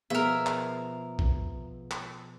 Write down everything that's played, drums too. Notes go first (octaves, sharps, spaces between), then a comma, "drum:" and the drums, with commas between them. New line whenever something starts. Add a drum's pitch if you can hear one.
B2 F3 G#4 A#4 E5
drum: clap
drum: kick A#1
drum: clap